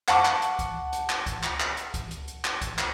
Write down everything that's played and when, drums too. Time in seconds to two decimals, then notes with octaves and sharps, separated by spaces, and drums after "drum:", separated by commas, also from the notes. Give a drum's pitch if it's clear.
0.08 F#5 A5 C#6 D6, drum: clap
0.25 drum: clap
0.42 drum: hi-hat
0.59 drum: kick C#2, hi-hat
0.93 drum: hi-hat
1.10 drum: clap
1.26 drum: kick C#2, hi-hat
1.43 drum: clap
1.60 drum: clap
1.77 drum: hi-hat
1.94 drum: kick C#2, hi-hat
2.11 drum: hi-hat
2.28 drum: hi-hat
2.45 drum: clap
2.61 drum: kick C#2, hi-hat
2.78 drum: clap